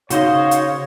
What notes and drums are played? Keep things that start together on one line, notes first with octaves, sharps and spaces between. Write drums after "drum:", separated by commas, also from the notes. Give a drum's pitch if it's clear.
C#3 D#4 F#4 C5 C#5 D#5 F5, drum: hi-hat
drum: hi-hat